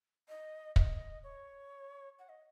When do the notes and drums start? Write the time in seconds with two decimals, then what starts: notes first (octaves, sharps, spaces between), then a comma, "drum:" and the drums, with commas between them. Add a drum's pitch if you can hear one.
0.28 D#5
0.76 D#5, drum: kick
1.23 C#5
2.19 F#5
2.29 D#5